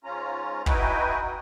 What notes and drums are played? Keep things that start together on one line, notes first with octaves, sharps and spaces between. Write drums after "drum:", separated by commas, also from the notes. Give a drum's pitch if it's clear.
G#2 C#4 F4 A#5
D#4 E4 F#4 B4 G5 G#5, drum: kick
D#4